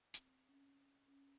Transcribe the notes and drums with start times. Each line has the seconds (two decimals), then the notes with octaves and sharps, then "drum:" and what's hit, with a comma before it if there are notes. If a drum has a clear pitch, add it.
0.14 C4, drum: hi-hat
0.49 C#4
1.08 C#4